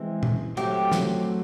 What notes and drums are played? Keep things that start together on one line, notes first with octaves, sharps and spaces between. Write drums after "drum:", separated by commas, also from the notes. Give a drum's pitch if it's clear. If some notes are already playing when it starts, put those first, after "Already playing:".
Already playing: E3 G#3 C4
drum: tom
F#3 A3 C4 G4, drum: cymbal
drum: snare